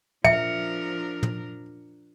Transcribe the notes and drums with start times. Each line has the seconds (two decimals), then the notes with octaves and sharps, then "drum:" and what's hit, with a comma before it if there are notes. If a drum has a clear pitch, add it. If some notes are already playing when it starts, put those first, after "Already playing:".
0.25 F3 D4 A#4 E5 C#7, drum: tom
1.23 drum: tom